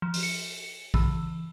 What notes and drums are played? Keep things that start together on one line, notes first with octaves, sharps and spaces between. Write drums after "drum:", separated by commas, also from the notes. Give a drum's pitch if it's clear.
F3
drum: open hi-hat
C#7
E3, drum: kick A#1